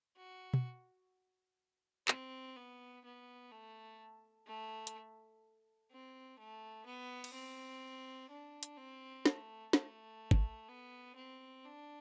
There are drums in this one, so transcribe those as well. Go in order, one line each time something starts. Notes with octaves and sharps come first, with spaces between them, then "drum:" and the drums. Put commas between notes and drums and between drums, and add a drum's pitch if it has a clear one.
F#4
drum: tom
C4, drum: clap
B3
B3
A3
A3
drum: hi-hat
C4
A3
B3
drum: cymbal
C4
D4
drum: hi-hat
C4
A3, drum: snare
A3, drum: snare
drum: kick
B3
C4
D4